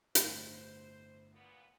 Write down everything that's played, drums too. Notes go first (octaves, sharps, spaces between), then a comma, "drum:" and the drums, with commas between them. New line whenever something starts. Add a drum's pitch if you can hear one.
G1 A2 C5, drum: hi-hat
A#2 B3